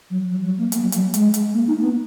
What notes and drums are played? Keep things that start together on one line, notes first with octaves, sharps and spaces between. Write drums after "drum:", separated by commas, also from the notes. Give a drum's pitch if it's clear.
F#3
F#3
F#3
A#3
A#3, drum: hi-hat
F#3
F#3, drum: hi-hat
G#3, drum: hi-hat
drum: hi-hat
A#3
D#4
B3